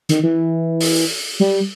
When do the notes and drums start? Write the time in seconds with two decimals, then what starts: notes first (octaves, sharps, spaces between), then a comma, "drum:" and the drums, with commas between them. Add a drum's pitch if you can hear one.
0.09 D#3, drum: hi-hat
0.23 E3
0.80 drum: open hi-hat
1.40 G3